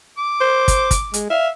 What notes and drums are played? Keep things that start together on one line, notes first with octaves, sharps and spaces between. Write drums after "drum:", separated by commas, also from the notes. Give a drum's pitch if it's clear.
D6
C5
drum: kick, hi-hat
drum: kick, hi-hat
G#3, drum: hi-hat
E5 F5